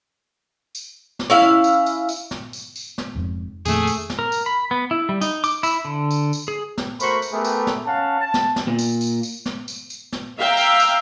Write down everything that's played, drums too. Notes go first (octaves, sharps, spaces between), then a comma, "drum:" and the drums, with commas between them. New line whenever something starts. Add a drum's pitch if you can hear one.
drum: tambourine
drum: snare
C#4 E4 F5
drum: snare
drum: tambourine
drum: tambourine
drum: tambourine
drum: snare
drum: tambourine
drum: tambourine
drum: snare
F1 F2 G#2
F2 A#2 D#3 A3 G#4, drum: tambourine
drum: tambourine
drum: snare
A#4
drum: tambourine
B5
B3
E4
G3
D#4, drum: tambourine
D6, drum: tambourine
E4, drum: tambourine
D3
drum: tambourine
drum: tambourine
G#4
drum: snare
A3 F#4 A#4 C5 B5 C#6, drum: tambourine
drum: tambourine
A3 B3 G4 G#4 A#4 B4
drum: tambourine
drum: snare
C#4 F5 F#5 A5
A5
drum: snare
drum: snare
A#2
drum: tambourine
drum: tambourine
drum: tambourine
drum: snare
drum: tambourine
drum: tambourine
drum: snare
E5 F5 G5 A#5
drum: tambourine
drum: tambourine